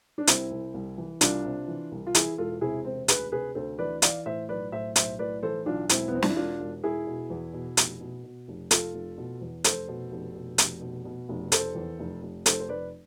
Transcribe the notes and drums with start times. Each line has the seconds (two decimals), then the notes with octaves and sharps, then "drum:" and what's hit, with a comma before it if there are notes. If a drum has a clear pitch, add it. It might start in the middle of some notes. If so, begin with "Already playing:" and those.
0.18 D4
0.27 C2 C4 E4, drum: hi-hat
0.51 C2
0.74 C2
0.98 E3
1.21 C2 D4 F4, drum: hi-hat
1.45 C3
1.68 E3
1.92 C2
2.07 F4
2.15 E3 E4 G#4, drum: hi-hat
2.38 E1 F4 A4
2.61 C3 E4 G#4
2.85 E1 C4
3.08 D2 G#4 B4, drum: hi-hat
3.32 C3 G#4 B4
3.55 D2 A4 C5
3.79 E3 B4 D5
4.02 E3 D5 F5, drum: hi-hat
4.26 A2 C5 E5
4.49 B1 B4 D5
4.72 A2 C5 E5
4.96 B1 C5 E5, drum: hi-hat
5.19 A2 B4 D5
5.43 E3 A4 C5
5.66 B1 D4 F4
5.89 E1 C4 E4, drum: hi-hat
6.08 B3
6.13 E2 C4
6.22 D4, drum: snare
6.30 E4
6.36 E1 D4 F4
6.60 E1
6.84 E1 E4 G#4
7.07 B2
7.30 E2
7.53 B2
7.77 F1, drum: hi-hat
8.00 B2
8.24 B2
8.48 F1
8.71 F1 F4 A4, drum: hi-hat
8.94 F1
9.18 B2
9.41 E2
9.64 F1 A4 C5, drum: hi-hat
9.88 B2
10.11 F1
10.35 B2
10.58 F1, drum: hi-hat
10.81 B2
11.05 B2
11.29 F1
11.52 F1 A4 C5, drum: hi-hat
11.75 E2
11.99 F1
12.22 F1
12.46 F1 A4 C5, drum: hi-hat
12.60 C5
12.69 F1 B4 D5